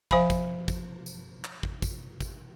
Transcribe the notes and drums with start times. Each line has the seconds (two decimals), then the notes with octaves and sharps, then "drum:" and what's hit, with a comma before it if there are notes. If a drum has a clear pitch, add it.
0.11 F3 C5 F5 G#5 B5, drum: kick
0.30 drum: kick, tambourine
0.68 drum: kick, tambourine
1.06 drum: tambourine
1.44 drum: clap
1.63 drum: kick
1.82 drum: kick, tambourine
2.20 drum: kick, tambourine